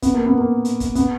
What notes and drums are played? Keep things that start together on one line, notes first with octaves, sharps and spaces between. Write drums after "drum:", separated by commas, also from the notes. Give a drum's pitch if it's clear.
B3, drum: kick, hi-hat
A#3
B3
A#3
drum: hi-hat
drum: kick, hi-hat
B3, drum: kick, hi-hat